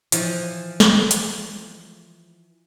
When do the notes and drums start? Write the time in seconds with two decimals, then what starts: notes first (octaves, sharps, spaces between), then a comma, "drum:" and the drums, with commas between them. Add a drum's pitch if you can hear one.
0.12 E3 F3, drum: hi-hat
0.80 drum: snare
1.11 drum: hi-hat